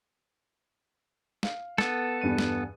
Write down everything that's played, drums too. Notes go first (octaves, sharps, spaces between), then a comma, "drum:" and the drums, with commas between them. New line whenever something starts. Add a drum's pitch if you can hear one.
F5, drum: snare
B3 A4, drum: snare
E2 G2 D#7
drum: snare